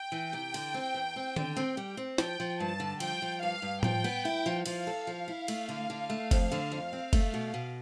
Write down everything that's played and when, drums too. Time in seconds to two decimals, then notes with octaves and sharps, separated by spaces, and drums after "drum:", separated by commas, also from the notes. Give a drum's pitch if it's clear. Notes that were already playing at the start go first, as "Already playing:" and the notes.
Already playing: G5
0.12 E3
0.33 C3
0.54 D3, drum: cymbal
0.74 C4
0.94 E2
1.16 C4
1.36 D3, drum: tom D#3
1.57 C4
1.77 G3
1.97 C4
2.18 F3 G5, drum: snare
2.40 F3
2.60 G2 A5
2.80 D3
3.00 F3 G5, drum: cymbal
3.22 F3
3.42 G2 F5
3.62 G2
3.83 F3 G5, drum: tom A2
4.04 B3
4.25 E4
4.46 F3
4.66 F3 F5, drum: cymbal
4.87 A4
5.07 F3
5.28 E4
5.48 A3, drum: cymbal
5.69 D3
5.90 D3
6.10 A3
6.31 F2, drum: kick F#1, cymbal
6.52 D3
6.72 F2
6.93 C4
7.13 A3, drum: kick F#1, cymbal
7.34 B2
7.54 B2